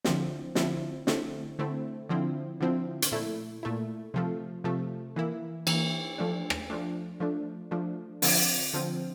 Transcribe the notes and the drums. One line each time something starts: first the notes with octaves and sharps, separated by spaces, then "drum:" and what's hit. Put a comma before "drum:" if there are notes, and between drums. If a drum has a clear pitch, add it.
D3 F3 C4 E4, drum: snare
D3 F3 C4 E4, drum: snare
D3 A3 C4 E4, drum: snare
D3 A3 C4 E4
D3 F3 C4 E4
D3 F3 C4 E4
drum: hi-hat
A#2 A3 E4
A#2 A3 E4
C3 F3 A3
C3 F3 A3
E3 A#3 E4
E3 A#3 E4, drum: cymbal
F3 A3 D4
drum: rim click
F3 A3 D4
F3 A3 D4
F3 A3 D4
D3 F3 C4, drum: open hi-hat
D3 F3 C4